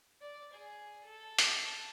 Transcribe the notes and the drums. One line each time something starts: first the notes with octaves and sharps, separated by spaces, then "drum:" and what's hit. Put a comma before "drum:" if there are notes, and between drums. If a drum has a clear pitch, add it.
D5
G#4
A4
drum: hi-hat
A5